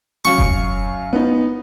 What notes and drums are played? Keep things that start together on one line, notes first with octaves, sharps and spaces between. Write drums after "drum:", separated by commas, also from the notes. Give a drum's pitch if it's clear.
F#2 F#3 F5 C#6
drum: kick F1
B3 D#4